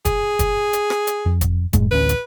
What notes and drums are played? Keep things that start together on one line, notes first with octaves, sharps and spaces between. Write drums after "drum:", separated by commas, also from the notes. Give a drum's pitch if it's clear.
G#4, drum: kick, hi-hat
drum: kick, hi-hat
drum: hi-hat
drum: rim click
drum: hi-hat
F2
drum: kick, hi-hat
F#2 A2 G#3, drum: kick, hi-hat
A1 D2 C#4 B4
drum: hi-hat